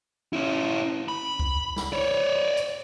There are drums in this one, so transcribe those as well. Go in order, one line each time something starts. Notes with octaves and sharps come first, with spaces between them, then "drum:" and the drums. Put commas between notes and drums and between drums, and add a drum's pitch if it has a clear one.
C#4 E4
B5
drum: kick C#2
drum: snare
C#5 D5
drum: hi-hat